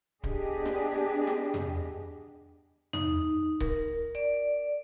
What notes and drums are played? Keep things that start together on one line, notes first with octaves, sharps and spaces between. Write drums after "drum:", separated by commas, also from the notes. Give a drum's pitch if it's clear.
B3 D4 G4 G#4 D#5, drum: kick D1
drum: snare
drum: snare
drum: tom E2
D#4, drum: tom E2
A#4, drum: kick D1
D5